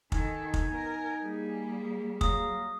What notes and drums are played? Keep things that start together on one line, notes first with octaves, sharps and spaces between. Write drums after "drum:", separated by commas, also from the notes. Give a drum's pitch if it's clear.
D#3 D#4 A4 G#5, drum: kick
drum: kick
B3 A#4
G3 A#3 G#4
F#3 F5 A#5 D#6, drum: kick